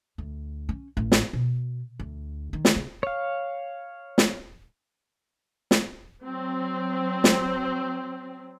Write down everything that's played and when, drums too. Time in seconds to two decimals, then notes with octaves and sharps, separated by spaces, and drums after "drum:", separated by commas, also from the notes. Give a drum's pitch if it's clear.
0.18 D2
0.69 C#4
0.97 A1
1.12 drum: snare
1.33 B2
2.00 D2
2.53 D#3
2.65 drum: snare
2.76 C#3
3.03 C#5 F5
4.18 drum: snare
5.71 drum: snare
6.22 F#3 C4
7.24 drum: snare